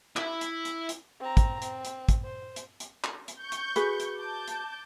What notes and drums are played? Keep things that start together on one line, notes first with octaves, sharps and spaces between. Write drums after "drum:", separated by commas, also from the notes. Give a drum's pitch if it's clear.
E4 E5, drum: clap
drum: hi-hat
drum: hi-hat
drum: hi-hat
C4 A#5
drum: kick, hi-hat
C4, drum: hi-hat
drum: hi-hat
drum: kick, hi-hat
C5
drum: hi-hat
drum: hi-hat
drum: clap
drum: hi-hat
C#6 G6
drum: hi-hat
F#4 G#4 B4, drum: hi-hat
drum: hi-hat
A5 D6 G6
drum: hi-hat